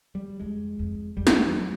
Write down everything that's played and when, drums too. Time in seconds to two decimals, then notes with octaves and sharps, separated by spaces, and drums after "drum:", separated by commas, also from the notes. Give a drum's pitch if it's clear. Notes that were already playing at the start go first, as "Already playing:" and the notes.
0.15 G3
0.40 F2 G#3
0.79 F2
1.17 F2 G3
1.27 drum: snare
1.48 F3
1.55 F#3